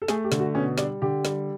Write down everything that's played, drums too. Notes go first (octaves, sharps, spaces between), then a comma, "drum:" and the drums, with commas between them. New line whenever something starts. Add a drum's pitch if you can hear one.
A4
A3 G#4, drum: snare
G4
D3, drum: snare
F#4
B2 C#4
G3 D4, drum: snare
D3 G4
G3, drum: snare